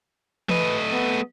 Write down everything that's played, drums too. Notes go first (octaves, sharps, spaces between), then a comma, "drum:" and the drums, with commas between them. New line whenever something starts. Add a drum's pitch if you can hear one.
A3 B4 D#5, drum: tom E3
B3